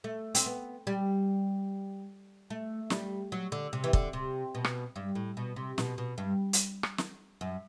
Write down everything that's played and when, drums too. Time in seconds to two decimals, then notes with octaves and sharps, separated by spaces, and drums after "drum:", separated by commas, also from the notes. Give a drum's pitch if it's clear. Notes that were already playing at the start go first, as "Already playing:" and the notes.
0.04 A3
0.35 C4, drum: hi-hat
0.46 B3
0.87 G3
2.50 A3
2.90 G3, drum: snare
3.32 F#3
3.52 D3
3.73 C3
3.84 E3
3.93 D3, drum: kick
4.13 C3
4.55 B2
4.64 drum: rim click
4.96 G2
5.15 A2
5.37 B2
5.56 C3
5.78 B2, drum: snare
5.98 B2
6.18 G2
6.53 drum: hi-hat
6.83 drum: rim click
6.98 drum: snare
7.41 F#2